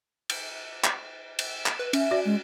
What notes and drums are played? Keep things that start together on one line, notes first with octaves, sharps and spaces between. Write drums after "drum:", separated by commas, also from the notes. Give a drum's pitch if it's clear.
drum: cymbal
drum: clap
drum: cymbal
drum: clap
B4
C#4 E5, drum: cymbal
F#4 D5
G#3